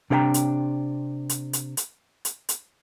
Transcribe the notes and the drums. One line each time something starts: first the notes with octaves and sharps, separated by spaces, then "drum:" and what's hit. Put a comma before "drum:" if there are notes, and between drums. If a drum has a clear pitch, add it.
C3 D4 A#4 F5 G5 A#5
drum: hi-hat
drum: hi-hat
drum: hi-hat
drum: hi-hat
drum: hi-hat
drum: hi-hat